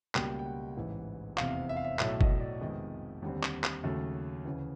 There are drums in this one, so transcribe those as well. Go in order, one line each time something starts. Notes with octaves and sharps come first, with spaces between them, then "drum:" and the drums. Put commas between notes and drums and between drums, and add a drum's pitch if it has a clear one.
C#2 B2 G3 A#3 G5, drum: clap
G5
F#5
A1 G#2 E3
F1 E2 C3 F5, drum: clap
E5
F5
E5
B1 A2 F#3 A3 E5, drum: clap
D#5, drum: kick F#1
D5
F2 C3 D#3 G#3 B3 D#5
D#2 D3 G3 C4
drum: clap
drum: clap
D#2 C#3 F#3 A3
D2 C#3 E3